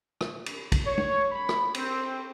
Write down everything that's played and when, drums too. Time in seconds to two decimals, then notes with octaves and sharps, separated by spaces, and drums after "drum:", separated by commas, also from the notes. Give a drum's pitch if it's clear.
0.21 drum: rim click
0.46 drum: cymbal
0.72 drum: kick, cymbal
0.86 C#5
0.98 drum: tom
1.31 B5
1.49 drum: rim click
1.74 C4, drum: cymbal